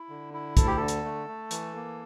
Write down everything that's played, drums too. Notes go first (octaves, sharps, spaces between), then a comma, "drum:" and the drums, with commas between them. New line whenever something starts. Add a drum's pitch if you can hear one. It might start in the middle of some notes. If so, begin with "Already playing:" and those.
Already playing: E4
D3
E4
D2 A4, drum: kick, hi-hat
G4
D3 A4
drum: hi-hat
A3
A3
E3, drum: hi-hat
A#3